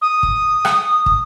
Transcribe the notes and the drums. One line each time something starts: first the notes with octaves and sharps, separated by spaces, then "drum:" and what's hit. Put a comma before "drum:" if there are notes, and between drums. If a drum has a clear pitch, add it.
D#6
drum: kick
drum: rim click
drum: kick